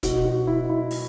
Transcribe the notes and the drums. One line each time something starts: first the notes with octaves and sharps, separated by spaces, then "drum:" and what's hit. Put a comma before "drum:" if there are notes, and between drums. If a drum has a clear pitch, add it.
B2 F#4, drum: kick, hi-hat
F#4
E4
E4
drum: open hi-hat